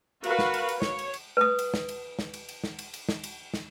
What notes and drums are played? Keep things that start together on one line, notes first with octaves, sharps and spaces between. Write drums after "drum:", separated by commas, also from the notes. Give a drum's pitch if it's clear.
F#4 A#4 B4 F5, drum: cymbal
drum: snare
drum: cymbal
drum: cymbal
C#5, drum: snare
drum: cymbal
drum: cymbal
B4 D#6
drum: cymbal
drum: snare
drum: cymbal
drum: snare
drum: cymbal
drum: cymbal
drum: snare
drum: cymbal
drum: cymbal
drum: snare
drum: cymbal
drum: snare